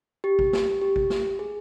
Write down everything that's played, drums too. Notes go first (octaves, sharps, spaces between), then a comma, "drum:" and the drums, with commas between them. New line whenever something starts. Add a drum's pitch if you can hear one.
G4
drum: kick G#1
drum: snare
G4
drum: kick G#1
drum: snare
G#4